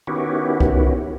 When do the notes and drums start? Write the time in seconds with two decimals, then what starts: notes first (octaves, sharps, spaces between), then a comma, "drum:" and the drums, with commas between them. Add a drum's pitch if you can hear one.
0.07 D#3 B3 C#4 E4 F#4 G4
0.60 drum: kick C2